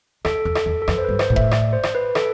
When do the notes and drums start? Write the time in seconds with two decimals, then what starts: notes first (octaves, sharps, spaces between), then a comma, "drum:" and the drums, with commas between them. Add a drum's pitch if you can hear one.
0.25 E2 A4, drum: rim click
0.45 E2
0.55 A4, drum: rim click
0.66 E2
0.82 A4
0.88 F2 B4, drum: rim click
0.98 C5
1.04 B4
1.08 G2
1.19 C5, drum: rim click
1.30 A2
1.36 E5, drum: kick F1
1.51 D5, drum: rim click
1.73 C5
1.83 drum: rim click
1.95 B4
2.15 A4, drum: rim click